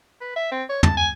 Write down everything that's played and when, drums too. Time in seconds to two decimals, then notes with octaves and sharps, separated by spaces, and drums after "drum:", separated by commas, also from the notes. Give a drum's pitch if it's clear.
0.21 B4
0.36 E5
0.52 C4
0.69 C#5
0.83 A5, drum: tom
0.97 G#5